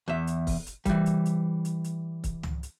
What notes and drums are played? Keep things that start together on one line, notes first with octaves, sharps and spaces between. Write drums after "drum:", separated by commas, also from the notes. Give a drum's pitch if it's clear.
E2 E5
drum: hi-hat
drum: kick C#1, open hi-hat
drum: hi-hat
E3 G3, drum: kick C#1, hi-hat
drum: hi-hat
drum: hi-hat
drum: hi-hat
drum: hi-hat
drum: kick C#1, hi-hat
drum: tom
drum: hi-hat